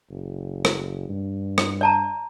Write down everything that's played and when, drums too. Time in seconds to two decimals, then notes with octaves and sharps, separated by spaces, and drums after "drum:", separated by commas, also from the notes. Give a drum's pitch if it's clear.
0.10 F#1
0.65 drum: rim click
1.09 G2
1.58 drum: rim click
1.81 D5 A5 A#5